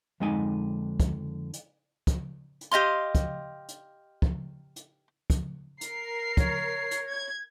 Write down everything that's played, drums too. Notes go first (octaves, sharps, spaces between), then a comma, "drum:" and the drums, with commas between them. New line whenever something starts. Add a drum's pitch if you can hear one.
F2 D3 G#3 D#4 G#5
drum: kick, hi-hat
drum: hi-hat
drum: kick, hi-hat
drum: hi-hat
G4 D#5 F5 C6
drum: kick, hi-hat
drum: hi-hat
drum: kick
drum: hi-hat
drum: kick, hi-hat
A#4 C7, drum: hi-hat
C#5, drum: kick, hi-hat
drum: hi-hat
G#6